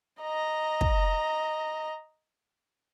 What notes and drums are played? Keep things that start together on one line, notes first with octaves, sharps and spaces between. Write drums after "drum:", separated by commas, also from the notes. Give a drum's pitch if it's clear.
D#5 A#5
drum: kick